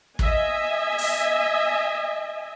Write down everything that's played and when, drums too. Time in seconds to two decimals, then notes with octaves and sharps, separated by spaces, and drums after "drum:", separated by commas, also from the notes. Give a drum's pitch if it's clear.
0.19 D#5 E5 G#5, drum: kick
0.98 drum: open hi-hat